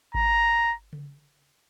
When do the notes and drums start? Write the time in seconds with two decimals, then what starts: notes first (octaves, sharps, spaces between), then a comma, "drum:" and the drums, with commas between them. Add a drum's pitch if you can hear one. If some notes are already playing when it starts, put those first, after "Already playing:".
0.14 A#5, drum: kick G#1
0.93 drum: tom C#3